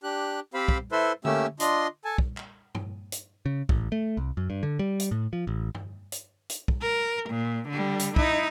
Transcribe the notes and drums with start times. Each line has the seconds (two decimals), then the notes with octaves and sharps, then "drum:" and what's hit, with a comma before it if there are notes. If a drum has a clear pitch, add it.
0.03 D4 G4 F#6
0.54 C4 G4 C5 F5 B5
0.68 drum: kick
0.92 E4 A4 B4 C5 E5 C6
1.25 A3 A#3 C#4 G4 E6, drum: tom D3
1.60 D4 F4 D#5 C6, drum: hi-hat
2.05 A4 G#5 A5
2.18 drum: kick
2.37 drum: clap
2.75 drum: tom G2
3.12 drum: hi-hat
3.46 C#3
3.69 A1, drum: kick
3.92 A3
4.17 C2
4.37 F#2
4.50 G2
4.63 D3
4.79 G3
5.00 drum: hi-hat
5.11 A2
5.33 F3
5.47 A1
5.75 drum: tom G2
6.12 drum: hi-hat
6.50 drum: hi-hat
6.68 drum: kick
6.81 A#4
7.30 A#2
7.69 D3 G3
7.99 drum: hi-hat
8.16 D#4 E4, drum: kick